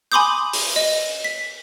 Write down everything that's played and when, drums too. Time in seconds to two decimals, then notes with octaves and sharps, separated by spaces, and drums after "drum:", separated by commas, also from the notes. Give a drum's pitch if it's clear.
0.12 G#5 B5 C6 D6 D#6 G6
0.53 drum: open hi-hat
0.76 D#5
1.24 B6